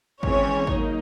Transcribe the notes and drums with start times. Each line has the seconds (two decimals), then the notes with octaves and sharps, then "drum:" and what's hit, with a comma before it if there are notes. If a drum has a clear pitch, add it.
0.23 E3 G#3 C4 C#4 C#5, drum: kick G#1
0.67 F#3 A#3 D#4, drum: kick G#1